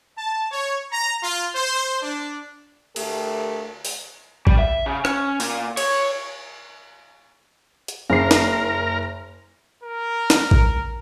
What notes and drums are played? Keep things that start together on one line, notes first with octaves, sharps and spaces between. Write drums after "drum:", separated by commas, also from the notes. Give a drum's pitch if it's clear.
A5
C#5
A#5
F4
C5
D4
D2 A3 G4 A#4, drum: cymbal
drum: open hi-hat
G3, drum: kick A1
E5
C#3
C#4, drum: rim click
A#2, drum: open hi-hat
C#5, drum: cymbal
drum: hi-hat
F#1 A#4 C7
drum: snare
A#4
drum: snare
drum: kick A1